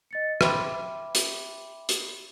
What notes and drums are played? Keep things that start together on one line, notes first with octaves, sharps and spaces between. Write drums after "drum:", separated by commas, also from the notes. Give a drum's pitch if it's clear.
D#5 A6 C#7
E5 G5 B5 C6 D6, drum: rim click
drum: hi-hat
drum: hi-hat